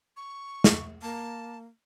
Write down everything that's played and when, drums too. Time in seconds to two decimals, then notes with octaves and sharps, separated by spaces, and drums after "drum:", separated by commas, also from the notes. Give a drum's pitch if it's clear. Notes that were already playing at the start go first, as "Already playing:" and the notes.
0.17 C#6
0.64 drum: snare
1.02 A#3 A5